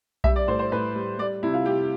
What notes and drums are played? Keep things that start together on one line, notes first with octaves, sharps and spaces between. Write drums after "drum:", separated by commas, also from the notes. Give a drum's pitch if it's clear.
G3 E5, drum: kick B1
D5
A2 C5
C5
A2 B4
G3
G3 D5
C3 E4
F4
C3 G4